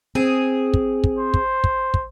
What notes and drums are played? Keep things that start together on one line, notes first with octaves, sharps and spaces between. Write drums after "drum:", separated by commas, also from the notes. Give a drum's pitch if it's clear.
C4 G#4
drum: kick
drum: kick
C5
drum: kick
drum: kick
drum: kick